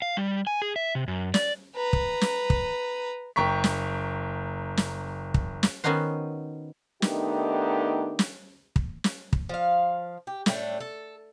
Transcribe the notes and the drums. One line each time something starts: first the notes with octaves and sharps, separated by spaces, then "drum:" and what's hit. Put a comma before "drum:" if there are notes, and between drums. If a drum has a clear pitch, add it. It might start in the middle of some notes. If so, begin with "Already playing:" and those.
F5
G3
G#5
G#4
E5
C3
F#2
D5, drum: snare
B4 A#5
drum: kick
drum: snare
drum: kick
F#1 G5 A#5 C#6 B6
drum: snare
drum: snare
drum: kick
drum: snare
D#3 B3 C#4 D#4 F#4 C5
D#3 A3 B3 D4 D#4 G4, drum: snare
drum: snare
drum: kick
drum: snare
drum: kick
F3 F5
G4
A2 A3 D4 G5, drum: snare
A4